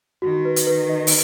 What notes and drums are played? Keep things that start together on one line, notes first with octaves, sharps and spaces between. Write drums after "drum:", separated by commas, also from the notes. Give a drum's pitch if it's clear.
D#3 F#4
B4
drum: hi-hat
B4
D#5
drum: open hi-hat